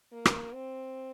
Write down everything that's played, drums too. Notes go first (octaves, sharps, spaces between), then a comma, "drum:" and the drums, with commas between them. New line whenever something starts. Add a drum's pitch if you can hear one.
A#3
drum: rim click
C4